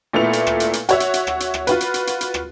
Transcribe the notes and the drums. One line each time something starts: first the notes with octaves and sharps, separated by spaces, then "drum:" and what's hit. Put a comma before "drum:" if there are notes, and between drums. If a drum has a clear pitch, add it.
A#2 A3 B3 E4 F7
drum: hi-hat
drum: rim click
drum: hi-hat
drum: hi-hat
F#4 C#5 E5, drum: hi-hat
drum: hi-hat
drum: hi-hat
drum: rim click
drum: hi-hat
drum: rim click
F4 F#4 B4, drum: hi-hat
drum: hi-hat
drum: hi-hat
drum: hi-hat
drum: hi-hat
drum: rim click